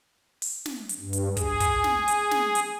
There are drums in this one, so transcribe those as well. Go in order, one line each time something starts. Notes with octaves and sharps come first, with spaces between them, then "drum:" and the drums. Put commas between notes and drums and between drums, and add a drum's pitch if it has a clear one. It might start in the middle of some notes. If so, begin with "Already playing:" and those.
drum: open hi-hat
drum: snare
drum: hi-hat
G2
drum: hi-hat
G#4, drum: kick, hi-hat
drum: kick, hi-hat
drum: snare
drum: hi-hat
drum: snare
drum: hi-hat